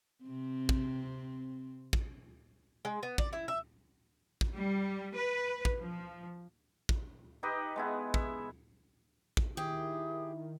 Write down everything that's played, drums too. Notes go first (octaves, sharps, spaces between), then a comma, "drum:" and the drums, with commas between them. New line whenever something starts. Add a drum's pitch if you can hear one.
C3 C4
drum: kick
drum: kick
G#3
B3
D5, drum: kick
E4
E5
drum: kick
G3
B4
drum: kick
F3
drum: kick
D#4 G4 B4 D#5
G#3 B3 E4
E5, drum: kick
drum: kick
D#3 E4 G4 G#4 D#6